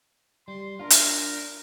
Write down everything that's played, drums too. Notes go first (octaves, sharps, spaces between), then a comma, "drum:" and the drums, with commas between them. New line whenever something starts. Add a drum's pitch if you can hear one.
G3 C6
D4 F4 A#4
drum: hi-hat